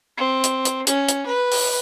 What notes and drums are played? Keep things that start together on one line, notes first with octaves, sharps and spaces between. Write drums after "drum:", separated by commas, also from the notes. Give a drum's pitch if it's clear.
C4
drum: hi-hat
drum: hi-hat
C#4, drum: hi-hat
drum: hi-hat
B4
drum: open hi-hat